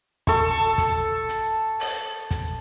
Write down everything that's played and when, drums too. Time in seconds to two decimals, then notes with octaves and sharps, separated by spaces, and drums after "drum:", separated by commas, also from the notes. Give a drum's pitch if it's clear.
0.27 A4 C#6, drum: kick, hi-hat
0.78 drum: kick, hi-hat
1.29 drum: hi-hat
1.80 drum: open hi-hat
2.31 drum: kick, hi-hat